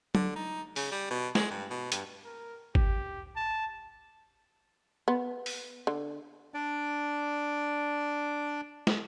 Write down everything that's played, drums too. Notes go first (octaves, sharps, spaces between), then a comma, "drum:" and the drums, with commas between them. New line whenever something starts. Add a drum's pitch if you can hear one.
D3, drum: tom F#3
D#4
C#3, drum: open hi-hat
G3
B2
G#3, drum: snare
G2
B2
G2, drum: hi-hat
A#4
G4, drum: kick G#1
A5
B3
drum: open hi-hat
D3
D4 D5
drum: snare